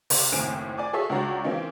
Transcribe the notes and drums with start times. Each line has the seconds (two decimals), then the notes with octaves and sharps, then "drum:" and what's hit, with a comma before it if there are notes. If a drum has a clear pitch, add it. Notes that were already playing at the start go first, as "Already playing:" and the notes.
0.10 C3, drum: open hi-hat
0.32 F#1 D#2 A2 C4 G#5 D7
0.77 D5 G#5 D6
0.93 F#4 G#4 A4 C#5 E5
1.10 C#2 D4 F#4 C#5 A#5
1.44 E3 A#3 C4 C#4 D#4